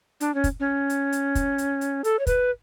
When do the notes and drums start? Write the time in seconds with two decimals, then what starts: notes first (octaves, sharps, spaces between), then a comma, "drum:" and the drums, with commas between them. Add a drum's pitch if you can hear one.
0.21 D4, drum: hi-hat
0.35 C#4
0.44 drum: kick, hi-hat
0.60 C#4
0.90 drum: hi-hat
1.12 drum: hi-hat
1.35 drum: kick, hi-hat
1.58 drum: hi-hat
1.81 drum: hi-hat
2.04 A4, drum: hi-hat
2.19 C#5
2.27 B4, drum: kick, hi-hat